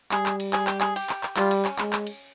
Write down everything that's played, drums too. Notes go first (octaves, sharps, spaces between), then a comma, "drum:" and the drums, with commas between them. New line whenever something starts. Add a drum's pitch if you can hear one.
G3 G#4, drum: clap
drum: clap
drum: cymbal
G#4, drum: clap
G4, drum: clap
G#4, drum: clap
G4, drum: cymbal
drum: clap
drum: clap
G3 F4, drum: clap
drum: cymbal
C#4, drum: clap
G#3, drum: clap
drum: clap
drum: cymbal